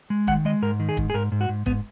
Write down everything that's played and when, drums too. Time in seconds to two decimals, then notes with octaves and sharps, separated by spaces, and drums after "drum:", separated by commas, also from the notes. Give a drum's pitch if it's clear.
0.10 G#3
0.27 D#3 F#5, drum: kick
0.45 G#3 D#5
0.62 G#2 A#4
0.80 D#3
0.89 G#4
0.97 G#2, drum: kick
1.10 G#4
1.14 G#2 A#4
1.32 G#2
1.41 F#4
1.49 G#2
1.66 G#2 B3, drum: kick